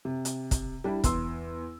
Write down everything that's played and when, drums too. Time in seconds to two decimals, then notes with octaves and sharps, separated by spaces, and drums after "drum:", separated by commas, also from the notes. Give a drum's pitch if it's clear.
0.05 C3
0.25 drum: hi-hat
0.51 drum: kick, hi-hat
0.84 G3 D4 E4
1.04 E2 C6 E6, drum: kick, hi-hat